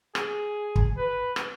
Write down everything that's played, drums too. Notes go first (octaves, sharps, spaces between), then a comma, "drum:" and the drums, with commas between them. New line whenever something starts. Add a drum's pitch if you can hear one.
G#4, drum: rim click
drum: kick
B4
drum: rim click